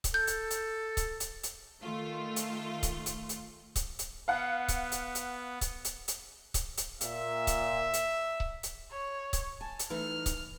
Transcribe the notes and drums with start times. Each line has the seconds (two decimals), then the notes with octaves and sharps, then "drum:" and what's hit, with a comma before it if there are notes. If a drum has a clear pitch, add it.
0.04 drum: kick C#1, hi-hat
0.14 A4 G6
0.27 drum: hi-hat
0.50 drum: hi-hat
0.97 drum: kick C#1, hi-hat
1.20 drum: hi-hat
1.43 drum: hi-hat
1.81 D#3 A3 F4
2.36 drum: hi-hat
2.83 drum: kick C#1, hi-hat
3.06 drum: hi-hat
3.29 drum: hi-hat
3.76 drum: kick C#1, hi-hat
3.99 drum: hi-hat
4.28 B3 F5 F#5
4.68 drum: kick C#1, hi-hat
4.92 drum: hi-hat
5.15 drum: hi-hat
5.61 drum: kick C#1, hi-hat
5.85 drum: hi-hat
6.08 drum: hi-hat
6.54 drum: kick C#1, hi-hat
6.77 drum: hi-hat
7.01 A#2 E5, drum: hi-hat
7.47 drum: kick C#1, hi-hat
7.94 drum: hi-hat
8.40 drum: kick C#1
8.63 drum: hi-hat
8.92 C#5
9.33 drum: kick C#1, hi-hat
9.61 G#5 A5
9.79 drum: hi-hat
9.90 E3 A3 D#4 F6
10.26 drum: kick C#1, hi-hat